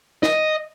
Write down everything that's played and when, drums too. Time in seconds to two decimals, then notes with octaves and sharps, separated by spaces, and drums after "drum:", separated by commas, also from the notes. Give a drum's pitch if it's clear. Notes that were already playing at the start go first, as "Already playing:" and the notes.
0.23 D#5, drum: snare